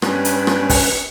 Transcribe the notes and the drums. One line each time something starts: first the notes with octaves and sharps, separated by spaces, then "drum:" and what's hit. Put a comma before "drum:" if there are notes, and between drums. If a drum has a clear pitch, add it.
G2 C#4 B4, drum: rim click
drum: hi-hat
drum: rim click
drum: kick, open hi-hat